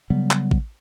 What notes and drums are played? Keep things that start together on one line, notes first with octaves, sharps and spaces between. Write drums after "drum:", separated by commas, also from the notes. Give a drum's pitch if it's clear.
C#3 F#3 G3 B3
drum: clap
drum: kick A1